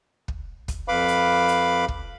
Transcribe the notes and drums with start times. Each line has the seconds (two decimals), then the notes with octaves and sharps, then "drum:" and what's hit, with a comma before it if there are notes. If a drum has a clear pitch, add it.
0.28 drum: kick
0.68 drum: kick, hi-hat
0.88 F2 B4 F5 B5 D6
1.08 drum: hi-hat
1.48 drum: hi-hat
1.88 drum: kick